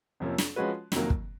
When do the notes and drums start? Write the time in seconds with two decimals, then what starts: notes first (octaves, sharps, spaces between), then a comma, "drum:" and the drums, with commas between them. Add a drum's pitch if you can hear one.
0.20 F2 C3 F3 A#3 C#4
0.38 drum: snare
0.56 F3 G#3 C#4 F#4 B4
0.92 F2 C3 D#3 F#3 A#3, drum: snare
1.10 drum: kick